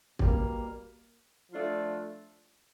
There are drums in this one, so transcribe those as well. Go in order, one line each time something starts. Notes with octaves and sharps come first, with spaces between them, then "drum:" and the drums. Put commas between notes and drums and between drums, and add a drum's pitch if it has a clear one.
B2 G3 A#3, drum: kick
F3 A3 D4 F4